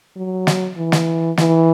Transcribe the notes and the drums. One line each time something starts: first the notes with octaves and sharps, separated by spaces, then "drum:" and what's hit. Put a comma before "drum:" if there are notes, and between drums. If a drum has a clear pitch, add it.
F#3
drum: snare
E3
drum: snare
E3, drum: snare